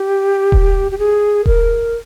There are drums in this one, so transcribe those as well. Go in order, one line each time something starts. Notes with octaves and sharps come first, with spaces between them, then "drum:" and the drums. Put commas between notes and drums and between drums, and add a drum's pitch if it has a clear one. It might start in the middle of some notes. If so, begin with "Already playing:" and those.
Already playing: G4
drum: kick D#1
G4
G#4
A#4, drum: kick D#1